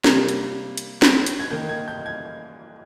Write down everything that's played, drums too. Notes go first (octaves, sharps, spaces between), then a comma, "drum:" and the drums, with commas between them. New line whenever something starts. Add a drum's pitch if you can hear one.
C3 G3 A#3 G#6, drum: snare
drum: hi-hat
drum: hi-hat
drum: snare
drum: hi-hat
G#6
D#3 A#3 G6
G#6
G6
G#6